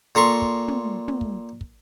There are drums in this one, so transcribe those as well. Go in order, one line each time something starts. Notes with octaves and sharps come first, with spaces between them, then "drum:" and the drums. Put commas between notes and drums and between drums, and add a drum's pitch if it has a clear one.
A#2 A4 A#5 C6 C#6
drum: kick
drum: tom
drum: tom
drum: kick
drum: kick